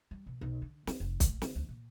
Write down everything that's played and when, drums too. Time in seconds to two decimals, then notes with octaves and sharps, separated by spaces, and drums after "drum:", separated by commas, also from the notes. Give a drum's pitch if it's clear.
0.11 G3
0.26 B2
0.41 B1
0.62 D3
0.87 C4, drum: snare
1.00 F1
1.20 A2, drum: kick, hi-hat
1.42 D3, drum: snare
1.55 D2
1.69 A#2